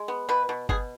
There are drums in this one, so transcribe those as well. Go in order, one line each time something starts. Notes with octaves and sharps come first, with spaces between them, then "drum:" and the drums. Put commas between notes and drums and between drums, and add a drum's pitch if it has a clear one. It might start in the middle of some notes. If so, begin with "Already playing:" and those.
Already playing: G#3
B3
B2 B4
B2
B2 G#4, drum: kick G1